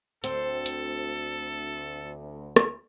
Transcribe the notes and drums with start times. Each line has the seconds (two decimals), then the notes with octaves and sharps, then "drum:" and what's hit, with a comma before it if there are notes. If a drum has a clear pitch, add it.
0.24 D2 C4 A4, drum: hi-hat
0.66 drum: hi-hat
2.56 drum: rim click